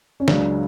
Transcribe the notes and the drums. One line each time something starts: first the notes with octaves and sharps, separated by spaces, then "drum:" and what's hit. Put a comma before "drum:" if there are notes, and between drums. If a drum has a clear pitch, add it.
C#4
C#2 C#3 F#3 D4, drum: snare